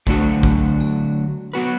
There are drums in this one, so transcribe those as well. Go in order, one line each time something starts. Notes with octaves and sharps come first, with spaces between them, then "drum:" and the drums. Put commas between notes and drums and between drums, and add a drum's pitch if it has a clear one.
D3 F#3 A3 D4 F#4, drum: kick, tambourine
drum: kick
drum: tambourine
F#3 B3 F#4 B4, drum: tambourine